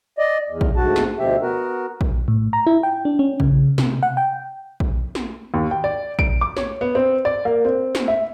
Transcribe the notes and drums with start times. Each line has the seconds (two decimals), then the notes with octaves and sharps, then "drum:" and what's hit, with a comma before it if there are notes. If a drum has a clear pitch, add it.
0.18 D5 D#5
0.49 E2
0.61 drum: kick A#1
0.76 D2 G#2 F#4 A5
0.96 drum: snare
1.19 D2 B2 F3 G4 E5
1.41 B3 F#4 A#4
2.01 drum: kick A#1
2.28 A2
2.53 A#5
2.67 E4
2.83 G5
3.05 D4
3.19 C#4
3.40 C#3, drum: kick A#1
3.78 C3, drum: snare
4.03 F#5
4.17 G5
4.80 drum: kick A#1
5.15 drum: snare
5.54 D#2
5.71 G5
5.84 D5
6.19 D7, drum: kick A#1
6.41 D6
6.57 C#5, drum: snare
6.81 B3
6.95 C4
7.25 D5
7.45 A#3
7.65 C4
7.95 drum: snare
8.08 E5